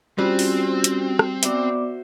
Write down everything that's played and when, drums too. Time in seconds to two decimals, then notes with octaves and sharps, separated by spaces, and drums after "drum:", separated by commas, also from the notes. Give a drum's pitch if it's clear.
0.18 G3 C4 C#4 F4 F#4 C5
0.39 drum: open hi-hat
0.84 drum: hi-hat
1.19 drum: rim click
1.43 B3 F#4 C5 D5 E5 D6, drum: hi-hat